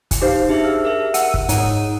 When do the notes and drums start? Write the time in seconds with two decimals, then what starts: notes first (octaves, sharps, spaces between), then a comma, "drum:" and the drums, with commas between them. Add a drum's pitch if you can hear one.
0.11 drum: kick, hi-hat
0.21 D#4 G4 C5 F5
0.49 D4 G4 G#4 E5
0.64 E6 F6
0.85 A#4 E5
1.14 F#5 E6 D#7, drum: hi-hat
1.34 drum: kick
1.49 G#2 D#4 C#5 F#5 D#7, drum: hi-hat